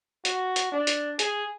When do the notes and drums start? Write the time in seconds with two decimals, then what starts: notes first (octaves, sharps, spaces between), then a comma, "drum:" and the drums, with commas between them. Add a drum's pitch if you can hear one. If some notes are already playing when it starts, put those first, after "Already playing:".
0.25 F#4, drum: hi-hat
0.56 drum: hi-hat
0.72 D4
0.87 drum: hi-hat
1.19 G#4, drum: hi-hat